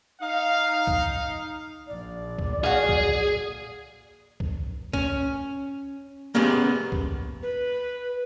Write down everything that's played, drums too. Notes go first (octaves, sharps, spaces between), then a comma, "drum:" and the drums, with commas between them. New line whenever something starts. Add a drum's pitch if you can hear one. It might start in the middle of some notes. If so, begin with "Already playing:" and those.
D#4 F5
drum: kick
A#1 D5
drum: kick
F#4 G#4 F5
drum: kick
drum: kick
C#4, drum: kick
A#3 B3 C#4 G4 G#4
drum: kick
B4